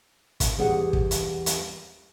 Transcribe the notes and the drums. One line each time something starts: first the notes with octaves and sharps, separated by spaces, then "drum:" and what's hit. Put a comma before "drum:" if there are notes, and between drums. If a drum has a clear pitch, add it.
drum: kick, hi-hat
E2 G3 G#4 F#5
drum: kick
drum: hi-hat
drum: hi-hat